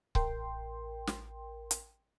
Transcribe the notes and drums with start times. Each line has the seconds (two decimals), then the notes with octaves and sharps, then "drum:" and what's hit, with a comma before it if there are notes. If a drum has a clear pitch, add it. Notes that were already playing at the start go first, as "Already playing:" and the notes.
0.15 A1 A#4 G5 C6, drum: kick C#1
1.07 drum: snare
1.71 drum: hi-hat